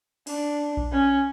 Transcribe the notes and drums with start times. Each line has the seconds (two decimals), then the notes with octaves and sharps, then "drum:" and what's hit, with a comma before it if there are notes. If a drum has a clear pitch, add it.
0.27 D4, drum: cymbal
0.77 drum: kick A#1
0.92 C#4